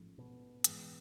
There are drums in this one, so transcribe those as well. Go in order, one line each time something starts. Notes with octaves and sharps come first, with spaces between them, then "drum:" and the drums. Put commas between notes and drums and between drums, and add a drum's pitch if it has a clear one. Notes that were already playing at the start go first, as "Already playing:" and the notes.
Already playing: A1 G#2 F3 A3
B2
G#2 E3 G#3, drum: hi-hat